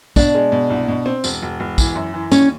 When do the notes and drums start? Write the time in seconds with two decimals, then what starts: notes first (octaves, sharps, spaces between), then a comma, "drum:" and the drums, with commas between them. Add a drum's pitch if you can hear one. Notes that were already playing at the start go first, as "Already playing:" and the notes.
0.16 B2 D4, drum: kick, tambourine
0.35 G#3
0.52 B2
0.70 C2
0.88 B2
1.06 C4
1.24 E1, drum: tambourine
1.42 E1
1.60 E1
1.78 E3, drum: kick, tambourine
1.96 F#2
2.14 E3
2.31 D#2 C#4, drum: tambourine